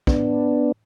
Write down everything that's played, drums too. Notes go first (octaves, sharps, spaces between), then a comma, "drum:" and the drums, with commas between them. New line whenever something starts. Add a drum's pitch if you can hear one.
B3 D4, drum: kick